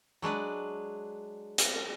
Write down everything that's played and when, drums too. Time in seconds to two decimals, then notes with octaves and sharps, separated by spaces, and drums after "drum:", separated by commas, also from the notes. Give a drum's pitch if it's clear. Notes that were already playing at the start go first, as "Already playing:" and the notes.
0.22 F#3 G#3 D4 B4
1.58 drum: hi-hat